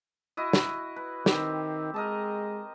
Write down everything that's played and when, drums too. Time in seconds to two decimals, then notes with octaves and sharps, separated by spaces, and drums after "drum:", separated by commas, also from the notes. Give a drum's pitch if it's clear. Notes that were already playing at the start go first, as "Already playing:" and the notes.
0.37 E4 F#4 D#5
0.53 drum: snare
0.96 B4
1.26 D#3 C4 G4, drum: snare
1.94 G#3 A#4 D#5 A5